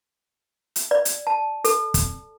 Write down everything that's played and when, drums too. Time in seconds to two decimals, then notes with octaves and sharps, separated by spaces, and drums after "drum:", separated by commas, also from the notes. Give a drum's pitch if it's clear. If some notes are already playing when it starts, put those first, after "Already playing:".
0.76 drum: hi-hat
0.91 D5
1.05 drum: hi-hat
1.27 A5
1.65 A4, drum: hi-hat
1.94 drum: kick, hi-hat